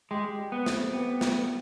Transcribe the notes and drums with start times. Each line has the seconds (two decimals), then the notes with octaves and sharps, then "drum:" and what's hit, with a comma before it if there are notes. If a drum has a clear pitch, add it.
0.11 G#3 G4
0.39 G3
0.52 B3
0.66 C4, drum: snare
0.93 B3 G4
1.21 G3, drum: snare